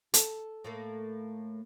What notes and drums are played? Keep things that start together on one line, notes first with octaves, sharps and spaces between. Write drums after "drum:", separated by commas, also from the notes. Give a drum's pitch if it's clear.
A4, drum: hi-hat
A2 A3 A#3